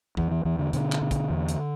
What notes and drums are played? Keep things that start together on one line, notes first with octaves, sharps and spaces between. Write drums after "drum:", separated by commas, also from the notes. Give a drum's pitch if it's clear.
E2 E3, drum: kick
E3
E2 E3
D3
B2 D3, drum: hi-hat
drum: clap
B2
drum: kick, hi-hat
E2
drum: hi-hat